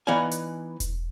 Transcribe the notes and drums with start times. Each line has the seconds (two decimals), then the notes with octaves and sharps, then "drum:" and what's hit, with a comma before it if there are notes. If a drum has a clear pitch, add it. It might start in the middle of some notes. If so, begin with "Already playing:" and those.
0.07 E3 B3 D#4 D5 F5 G#5
0.31 drum: hi-hat
0.80 drum: kick E1, hi-hat